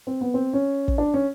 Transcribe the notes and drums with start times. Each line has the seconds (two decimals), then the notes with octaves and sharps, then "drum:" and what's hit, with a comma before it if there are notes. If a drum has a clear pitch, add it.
0.07 C4
0.21 B3
0.34 C4
0.53 C#4
0.88 drum: kick
0.98 D4
1.14 C#4